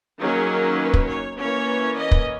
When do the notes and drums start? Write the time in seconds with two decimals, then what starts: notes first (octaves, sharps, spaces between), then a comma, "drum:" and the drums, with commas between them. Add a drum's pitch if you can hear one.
0.20 D#3 F#3 A#3 C#4 G#4
0.79 B4
0.94 drum: kick
1.08 C#5
1.37 E3 A#3 C#4 C#5
1.97 D#5
2.11 drum: kick